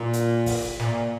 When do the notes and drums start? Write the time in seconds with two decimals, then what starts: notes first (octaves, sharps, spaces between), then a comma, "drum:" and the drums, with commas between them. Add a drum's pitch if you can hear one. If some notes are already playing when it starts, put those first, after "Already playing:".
Already playing: A#2
0.13 drum: hi-hat
0.46 drum: kick, open hi-hat
0.79 A#2, drum: snare